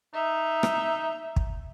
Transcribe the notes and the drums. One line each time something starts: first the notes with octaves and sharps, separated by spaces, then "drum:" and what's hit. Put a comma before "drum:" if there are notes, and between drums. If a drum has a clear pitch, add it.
D#4 E5
drum: rim click
drum: kick